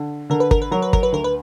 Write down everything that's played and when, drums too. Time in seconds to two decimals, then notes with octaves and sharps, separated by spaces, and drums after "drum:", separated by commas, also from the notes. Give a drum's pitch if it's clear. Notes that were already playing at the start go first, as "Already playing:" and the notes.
Already playing: D3
0.30 D3 A#4
0.40 B4
0.51 A#4, drum: kick
0.62 B4
0.71 F#3 A#4
0.82 B4
0.93 A#4, drum: kick
1.03 B4
1.12 D2 A#4
1.24 B4